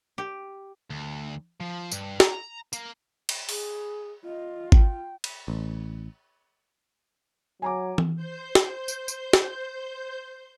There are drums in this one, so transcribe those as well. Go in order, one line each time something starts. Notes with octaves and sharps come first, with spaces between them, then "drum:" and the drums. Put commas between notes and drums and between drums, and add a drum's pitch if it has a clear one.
G4
D2
F3
G2, drum: tambourine
A#5, drum: snare
A#3, drum: tambourine
drum: cymbal
G#4, drum: open hi-hat
F4 D#5
G5, drum: kick G#1
drum: cymbal
A1
F#3 G#5 A#5 D6
drum: tom E3
C5 G6
drum: snare
drum: tambourine
drum: tambourine
drum: snare